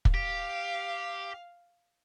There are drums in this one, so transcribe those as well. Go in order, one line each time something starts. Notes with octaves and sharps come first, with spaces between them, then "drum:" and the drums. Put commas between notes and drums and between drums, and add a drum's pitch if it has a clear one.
drum: kick
G4 F5